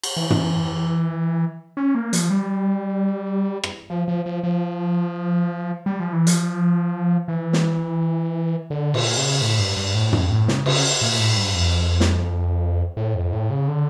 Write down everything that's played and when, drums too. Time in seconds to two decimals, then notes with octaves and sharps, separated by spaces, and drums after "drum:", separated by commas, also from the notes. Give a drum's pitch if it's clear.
0.03 drum: cymbal
0.17 E3
0.30 drum: tom
1.77 C#4
1.95 A#3
2.13 F3, drum: hi-hat
2.30 G3
3.64 drum: rim click
3.90 F3
4.08 F3
4.26 F3
4.43 F3
5.86 G3
6.00 F3
6.13 E3
6.27 F3, drum: hi-hat
7.28 E3
7.53 drum: snare
8.70 D3
8.94 A#2, drum: cymbal
9.17 C#3
9.42 A2
9.59 G2
9.77 G2
9.94 A2
10.13 F2, drum: tom
10.30 A2
10.48 C#3, drum: snare
10.66 C#3, drum: cymbal
11.01 A#2
11.19 A2
11.37 G2
11.55 F2
12.00 drum: snare
12.97 A2
13.15 F2
13.32 A2
13.50 C#3
13.68 D3